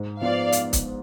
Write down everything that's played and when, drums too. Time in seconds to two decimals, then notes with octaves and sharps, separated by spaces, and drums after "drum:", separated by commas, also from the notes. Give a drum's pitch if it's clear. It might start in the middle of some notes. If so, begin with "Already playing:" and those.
Already playing: G#2
0.22 F3 B3 F4 C5 D5 F5
0.52 drum: hi-hat
0.73 drum: kick, hi-hat